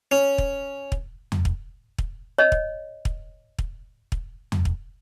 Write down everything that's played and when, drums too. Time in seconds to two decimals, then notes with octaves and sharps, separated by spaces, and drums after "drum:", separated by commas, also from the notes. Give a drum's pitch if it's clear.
0.11 C#4
0.38 drum: kick
0.92 drum: kick
1.32 drum: tom E2
1.45 drum: kick
1.98 drum: kick
2.38 C#5 D#5
2.52 drum: kick
3.05 drum: kick
3.59 drum: kick
4.12 drum: kick
4.52 drum: tom E2
4.65 drum: kick